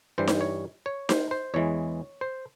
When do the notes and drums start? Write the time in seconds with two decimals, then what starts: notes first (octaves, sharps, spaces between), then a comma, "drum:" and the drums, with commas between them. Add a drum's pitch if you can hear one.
0.18 G2 E3 G3 C5
0.27 drum: snare D#4
0.41 C#5
0.86 C#5
1.09 C5, drum: snare D#4
1.31 C5
1.54 E2 E3 G#3 C#5
2.21 C5